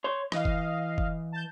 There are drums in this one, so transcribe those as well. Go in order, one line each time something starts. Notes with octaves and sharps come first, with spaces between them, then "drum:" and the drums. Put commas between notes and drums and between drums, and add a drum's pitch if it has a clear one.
C#5 C6
E3 D#5 F5, drum: rim click
drum: kick F#1
drum: kick F#1
A5 G6